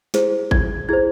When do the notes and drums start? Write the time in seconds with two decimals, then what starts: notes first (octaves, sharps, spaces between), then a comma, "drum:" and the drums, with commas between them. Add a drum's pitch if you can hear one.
0.14 E4 G#4 C5, drum: snare
0.51 G#6, drum: kick G#1
0.89 E4 G#4 C5 G#6